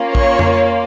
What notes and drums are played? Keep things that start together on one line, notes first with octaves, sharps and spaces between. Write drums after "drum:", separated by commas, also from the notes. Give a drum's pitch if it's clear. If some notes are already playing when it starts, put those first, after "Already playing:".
Already playing: A#3 C#4 F4
C#5, drum: kick A#1
drum: tom F2